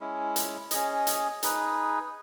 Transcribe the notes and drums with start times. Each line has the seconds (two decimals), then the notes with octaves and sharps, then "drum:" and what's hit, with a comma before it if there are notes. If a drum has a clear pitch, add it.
0.01 G#3 C#4 E4
0.36 drum: hi-hat
0.71 C#4 G#4 D#5, drum: hi-hat
1.07 drum: hi-hat
1.43 D#4 G#4 B4, drum: hi-hat